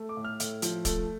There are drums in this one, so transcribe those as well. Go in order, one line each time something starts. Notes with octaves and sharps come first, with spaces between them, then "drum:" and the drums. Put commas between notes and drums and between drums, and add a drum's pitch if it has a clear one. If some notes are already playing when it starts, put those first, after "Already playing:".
Already playing: A3
D6
A2
F6
A2, drum: hi-hat
F3, drum: hi-hat
A3, drum: kick, hi-hat